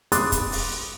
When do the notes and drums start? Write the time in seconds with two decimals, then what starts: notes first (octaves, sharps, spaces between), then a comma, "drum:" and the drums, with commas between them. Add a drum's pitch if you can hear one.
0.12 B5 C6 D6 D#6 F#6 A6, drum: hi-hat
0.32 drum: kick, hi-hat
0.52 drum: open hi-hat